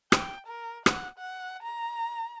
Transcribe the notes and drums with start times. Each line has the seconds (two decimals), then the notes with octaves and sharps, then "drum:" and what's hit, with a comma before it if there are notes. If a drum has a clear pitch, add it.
0.12 G5, drum: rim click
0.47 A#4
0.86 F#5, drum: rim click
1.19 F#5
1.63 A#5